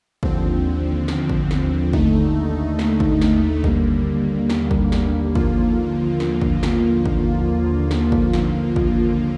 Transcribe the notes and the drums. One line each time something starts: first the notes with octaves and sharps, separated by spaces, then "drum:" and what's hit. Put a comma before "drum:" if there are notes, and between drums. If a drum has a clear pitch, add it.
D#2 D3 F3 C4, drum: kick
drum: snare
drum: kick
drum: snare
D#2 D3 A3 D#4, drum: kick
drum: snare
drum: kick
drum: snare
D#2 D3 G3 A#3, drum: kick
drum: snare
drum: kick
drum: snare
D#2 D3 F3 A#3 F4, drum: kick
drum: snare
drum: kick
drum: snare
drum: kick
drum: snare
drum: kick
drum: snare
drum: kick